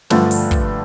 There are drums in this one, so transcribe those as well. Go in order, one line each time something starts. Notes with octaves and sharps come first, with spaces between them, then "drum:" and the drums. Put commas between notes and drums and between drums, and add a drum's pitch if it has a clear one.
G2 D3 F3 A3, drum: snare
drum: open hi-hat
drum: kick